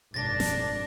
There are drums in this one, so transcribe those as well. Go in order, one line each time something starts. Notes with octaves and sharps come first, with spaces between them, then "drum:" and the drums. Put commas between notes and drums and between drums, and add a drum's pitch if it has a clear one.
G#1 F#2 B2 D4 A6 A#6
drum: snare